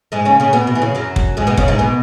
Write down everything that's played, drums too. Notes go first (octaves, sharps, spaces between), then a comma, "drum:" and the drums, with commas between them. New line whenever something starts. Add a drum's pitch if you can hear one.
G#2 G#3
C#3 C#4
C#3 C#4
B2 B3
B2
E3
C#3
F#2 F#3
drum: kick
G#2 G#3
B2 B3
C#3 C#4, drum: kick
G#2 G#3
B2 B3